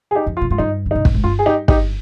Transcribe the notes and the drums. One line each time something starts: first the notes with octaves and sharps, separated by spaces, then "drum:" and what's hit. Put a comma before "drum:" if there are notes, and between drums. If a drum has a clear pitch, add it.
G#4
D#4 G4
F2
F4
A#2
G#2 F4
G2 D#4
D3
C3 D#4
A#2, drum: kick
G#2
G2 F4
G#4
D#4 G4
D#4 G4, drum: kick